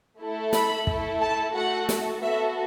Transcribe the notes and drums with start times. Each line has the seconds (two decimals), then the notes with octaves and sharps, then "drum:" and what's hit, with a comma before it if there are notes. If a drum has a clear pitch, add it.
0.19 A3 E4 A4
0.53 B5, drum: snare
0.87 A3 E4 A4, drum: kick
1.21 A5
1.55 A3 F#4 A4 F#5
1.89 drum: snare
2.23 B3 F#4 A4 E5